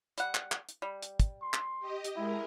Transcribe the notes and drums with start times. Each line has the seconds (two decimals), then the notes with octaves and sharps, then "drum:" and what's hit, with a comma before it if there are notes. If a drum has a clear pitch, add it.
0.18 G3 F#5, drum: hi-hat
0.35 drum: clap
0.52 drum: clap
0.69 drum: hi-hat
0.82 G3
1.03 drum: hi-hat
1.20 drum: kick, hi-hat
1.42 C6
1.54 drum: clap
1.79 G4 D#5
2.04 drum: hi-hat
2.16 G#3 E4 A#4